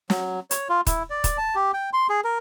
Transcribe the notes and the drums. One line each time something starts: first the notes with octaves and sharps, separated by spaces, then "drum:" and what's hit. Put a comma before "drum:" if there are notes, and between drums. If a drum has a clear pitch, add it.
F#3, drum: snare
C#5, drum: hi-hat
F4
E4, drum: kick, hi-hat
D5
drum: kick, hi-hat
A5
G4
G5
C6
G#4
A#4